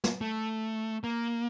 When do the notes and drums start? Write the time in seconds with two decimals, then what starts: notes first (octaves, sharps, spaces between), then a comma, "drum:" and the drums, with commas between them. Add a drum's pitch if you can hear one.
0.04 drum: snare
0.21 A3
1.04 A#3